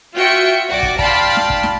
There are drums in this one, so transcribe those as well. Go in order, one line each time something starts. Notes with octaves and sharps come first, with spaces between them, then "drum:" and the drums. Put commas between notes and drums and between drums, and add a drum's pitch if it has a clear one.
F4 F#4 E5 G5 C#7
B1 F#4 D5
drum: kick
D5 F5 G5 A5 B5 C6, drum: kick
drum: snare
drum: kick
drum: snare